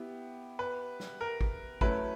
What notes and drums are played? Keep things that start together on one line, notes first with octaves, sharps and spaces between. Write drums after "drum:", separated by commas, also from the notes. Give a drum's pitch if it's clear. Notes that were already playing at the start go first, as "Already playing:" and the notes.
Already playing: B3 E4 G4
B4
drum: snare
A#4
drum: kick
F#3 A3 C#4 E4 B4, drum: kick